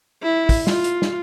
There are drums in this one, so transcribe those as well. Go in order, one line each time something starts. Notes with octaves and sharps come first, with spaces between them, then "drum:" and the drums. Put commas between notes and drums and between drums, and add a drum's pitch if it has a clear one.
E4
drum: kick, open hi-hat
F4, drum: snare
drum: hi-hat
drum: snare